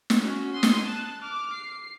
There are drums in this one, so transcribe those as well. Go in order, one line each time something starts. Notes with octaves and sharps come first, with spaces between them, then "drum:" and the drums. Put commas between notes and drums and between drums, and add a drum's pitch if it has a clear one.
drum: snare
C#4 F#4
C6 D#6
drum: snare
A5 F#6
D6 F6
C7